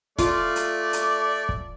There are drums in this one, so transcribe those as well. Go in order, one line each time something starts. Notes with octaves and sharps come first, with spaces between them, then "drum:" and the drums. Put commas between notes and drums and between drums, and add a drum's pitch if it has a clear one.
A3 F4 D5, drum: kick, hi-hat
drum: hi-hat
drum: hi-hat
drum: kick